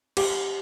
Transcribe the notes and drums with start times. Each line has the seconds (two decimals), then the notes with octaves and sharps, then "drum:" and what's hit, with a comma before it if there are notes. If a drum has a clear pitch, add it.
0.17 G4, drum: cymbal